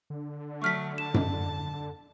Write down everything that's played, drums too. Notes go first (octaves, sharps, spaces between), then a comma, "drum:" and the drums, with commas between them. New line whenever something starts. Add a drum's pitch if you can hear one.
D3
F#3 A3 C#6 F6 B6
A5 E7
drum: tom F#2